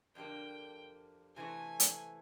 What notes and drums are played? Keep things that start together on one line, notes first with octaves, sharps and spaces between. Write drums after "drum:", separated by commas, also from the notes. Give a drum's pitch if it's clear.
F2 D3 G3 A#3 G5
C3 E3 A3 G#5
drum: hi-hat